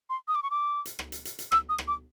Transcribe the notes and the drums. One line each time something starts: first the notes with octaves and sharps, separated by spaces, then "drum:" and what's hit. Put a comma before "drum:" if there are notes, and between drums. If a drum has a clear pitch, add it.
C6
D#6
D6
C#6
D6
drum: hi-hat
drum: rim click
drum: hi-hat
drum: hi-hat
drum: hi-hat
E6, drum: rim click
D#6
drum: rim click
D6